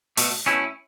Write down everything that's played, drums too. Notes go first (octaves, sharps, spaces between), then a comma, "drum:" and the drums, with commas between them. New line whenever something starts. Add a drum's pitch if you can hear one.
B2 A3, drum: open hi-hat
B2 A3 C#4 E4